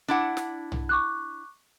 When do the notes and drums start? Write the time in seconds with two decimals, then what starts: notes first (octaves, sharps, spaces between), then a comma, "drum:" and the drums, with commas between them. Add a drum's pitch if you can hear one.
0.08 D4 E4 F#5
0.37 drum: snare
0.72 drum: tom
0.89 C#6 D6 F#6